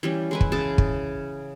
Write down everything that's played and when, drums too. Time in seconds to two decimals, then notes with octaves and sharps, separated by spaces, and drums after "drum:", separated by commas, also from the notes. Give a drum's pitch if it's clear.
0.03 E3 G3 C#4
0.31 G#3 E4 B4
0.41 drum: kick
0.52 C#3 G#4 A5
0.78 drum: kick